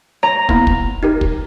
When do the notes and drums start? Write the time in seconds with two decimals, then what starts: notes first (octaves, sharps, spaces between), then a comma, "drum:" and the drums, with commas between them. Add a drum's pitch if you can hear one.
0.23 C#5 A#5
0.49 A#3 B3 E4, drum: kick
0.67 drum: kick
1.03 D#4 G4 A#4
1.21 drum: kick